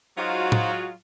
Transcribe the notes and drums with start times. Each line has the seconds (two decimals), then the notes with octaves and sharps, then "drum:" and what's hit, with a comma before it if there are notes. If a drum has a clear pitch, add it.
0.18 F#3 G#3 D#4 F4 F#4 C5 F5
0.52 drum: tom A2